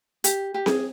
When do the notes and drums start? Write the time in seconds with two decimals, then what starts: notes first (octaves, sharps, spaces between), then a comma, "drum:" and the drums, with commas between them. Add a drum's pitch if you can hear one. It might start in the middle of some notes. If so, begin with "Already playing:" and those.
0.24 G4, drum: hi-hat
0.54 G4
0.66 G#4, drum: snare C4